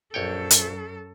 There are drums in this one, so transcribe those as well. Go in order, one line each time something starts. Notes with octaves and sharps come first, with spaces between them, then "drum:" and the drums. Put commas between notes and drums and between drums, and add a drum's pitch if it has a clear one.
A#1 F#2 A4 C#5 G5
drum: hi-hat